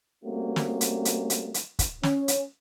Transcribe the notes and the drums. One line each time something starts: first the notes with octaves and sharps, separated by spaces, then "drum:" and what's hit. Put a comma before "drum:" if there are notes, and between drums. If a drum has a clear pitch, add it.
G3 A3 A#3 C4 C#4 F#4
drum: snare
drum: hi-hat
drum: hi-hat
drum: hi-hat
drum: hi-hat
drum: kick, hi-hat
C#4, drum: snare
drum: hi-hat